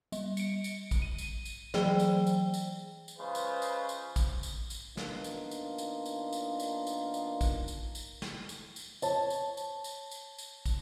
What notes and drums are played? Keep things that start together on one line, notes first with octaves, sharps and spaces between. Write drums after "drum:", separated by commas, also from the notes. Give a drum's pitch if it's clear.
G3, drum: tambourine
C#7 D7, drum: tambourine
drum: tambourine
drum: kick, tambourine
D#7
drum: tambourine
drum: tambourine
E3 F#3 G#4 G5 G7, drum: snare
drum: tambourine
drum: tambourine
drum: tambourine
drum: tambourine
C#3 G#3 F4 B4 C5
drum: tambourine
drum: tambourine
drum: tambourine
drum: kick, tambourine
drum: tambourine
drum: tambourine
D#3 A#3 B3 D4 D#4 F4, drum: snare
drum: tambourine
drum: tambourine
drum: tambourine
drum: tambourine
drum: tambourine
drum: tambourine
drum: tambourine
drum: tambourine
drum: kick, tambourine
drum: tambourine
drum: tambourine
drum: snare
drum: tambourine
drum: tambourine
C#5 A5, drum: tambourine
drum: tambourine
drum: tambourine
drum: tambourine
drum: tambourine
drum: tambourine
drum: kick, tambourine